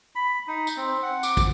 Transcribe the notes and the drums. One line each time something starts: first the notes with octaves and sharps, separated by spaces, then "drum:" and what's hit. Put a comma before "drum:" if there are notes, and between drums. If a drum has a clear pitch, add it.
B5
D#4
drum: tambourine
C4
F#5
D6, drum: tambourine
drum: kick, tambourine